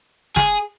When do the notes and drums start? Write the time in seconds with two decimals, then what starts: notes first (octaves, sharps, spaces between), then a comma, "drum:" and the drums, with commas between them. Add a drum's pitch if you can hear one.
0.36 G#4, drum: snare